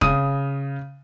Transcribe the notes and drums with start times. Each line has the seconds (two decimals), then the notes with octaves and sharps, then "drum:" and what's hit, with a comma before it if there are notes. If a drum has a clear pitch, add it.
0.01 C#3 D#6 D#7, drum: kick